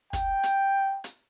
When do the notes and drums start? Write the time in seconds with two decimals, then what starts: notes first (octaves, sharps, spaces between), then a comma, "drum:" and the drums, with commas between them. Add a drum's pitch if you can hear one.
0.13 G5, drum: kick, hi-hat
0.43 drum: hi-hat
1.04 drum: hi-hat